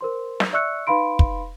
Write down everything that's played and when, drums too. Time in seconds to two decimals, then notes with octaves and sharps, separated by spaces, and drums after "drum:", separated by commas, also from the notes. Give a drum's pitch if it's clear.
0.01 A#4 C5 C6
0.40 drum: snare
0.53 D5 E5 C#6 E6 F#6 C#7
0.87 D#4 B4 F5 B5 C6 D7
1.19 drum: kick